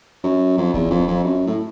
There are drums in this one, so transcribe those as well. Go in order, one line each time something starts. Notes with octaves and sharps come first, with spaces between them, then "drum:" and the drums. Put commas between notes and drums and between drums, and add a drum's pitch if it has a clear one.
F#2
F2
E2, drum: kick D1
F2
F2
F#2
A2